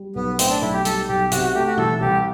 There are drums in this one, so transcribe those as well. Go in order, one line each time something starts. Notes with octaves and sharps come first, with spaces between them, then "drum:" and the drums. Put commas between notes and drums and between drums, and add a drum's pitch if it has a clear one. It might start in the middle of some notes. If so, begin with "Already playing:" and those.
Already playing: G3
B1 B3
A2 C4, drum: hi-hat
D4
B1 E4
G4
G3 A4, drum: hi-hat
B1 G4
C3 F#4, drum: hi-hat
F#4
A3 G4
F#4
E3 A4, drum: tom
C2 G4